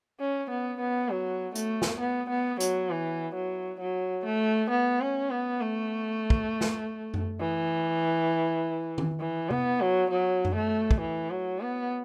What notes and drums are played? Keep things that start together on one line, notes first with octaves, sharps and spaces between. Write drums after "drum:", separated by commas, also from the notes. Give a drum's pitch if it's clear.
C#4
B3
B3
F#3
A3, drum: hi-hat
drum: snare
B3
B3
F#3, drum: hi-hat
E3
F#3
F#3
A3
B3
C#4
B3
A3
drum: kick
drum: snare
drum: tom F#2
E3
drum: tom
E3
B3, drum: tom C3
F#3
F#3
drum: tom F#2
A3
drum: kick
E3
F#3
B3